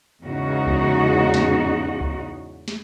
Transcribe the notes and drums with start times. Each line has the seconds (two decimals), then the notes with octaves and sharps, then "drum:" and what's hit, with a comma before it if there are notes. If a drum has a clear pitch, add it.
0.22 E2 G#2 C#3 D#4 F#4
0.67 drum: kick C2
1.34 drum: snare
2.01 drum: kick C2
2.68 drum: snare